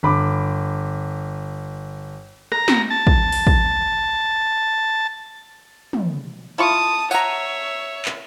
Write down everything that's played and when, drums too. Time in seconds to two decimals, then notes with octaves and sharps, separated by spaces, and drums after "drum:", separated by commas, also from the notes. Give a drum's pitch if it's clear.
0.03 G1 B5 D6
2.52 A#5, drum: rim click
2.68 drum: snare
2.90 A5
3.07 drum: kick
3.32 drum: open hi-hat
3.47 drum: kick
5.93 drum: tom
6.58 E4 F4 A5 C#6 D#6
7.11 C#5 E5 F#5 A#5, drum: tambourine
8.05 drum: clap